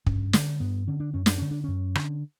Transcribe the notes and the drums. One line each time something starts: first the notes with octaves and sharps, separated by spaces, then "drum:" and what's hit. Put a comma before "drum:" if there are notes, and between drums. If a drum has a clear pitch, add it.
G2 C#4, drum: kick
D3, drum: snare
G2 B3
D3 C#4
D4
F#2 C#4
D4, drum: snare
D3 C#4
D4
F#2 C#4
D3, drum: rim click